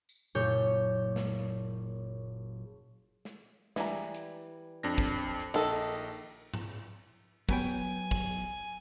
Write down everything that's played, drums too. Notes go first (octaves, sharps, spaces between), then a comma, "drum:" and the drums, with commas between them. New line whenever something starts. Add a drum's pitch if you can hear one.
drum: tambourine
F#1 A#2 C#5 G6
drum: snare
drum: snare
E3 G3 A#5, drum: snare
drum: hi-hat
F2 D4 A#6, drum: hi-hat
drum: kick
drum: hi-hat
A#1 D#3 A4 D#5, drum: cymbal
drum: tom G#2
F#3 B3 G5 G#5, drum: kick
drum: kick